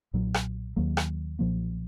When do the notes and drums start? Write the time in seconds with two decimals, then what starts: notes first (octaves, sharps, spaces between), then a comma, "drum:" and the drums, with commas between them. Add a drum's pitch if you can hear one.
0.13 B1 A#2 F#3
0.34 drum: rim click
0.76 D#2 D#3 F#3 A#3
0.97 drum: rim click
1.39 B1 A#2 F3 A#3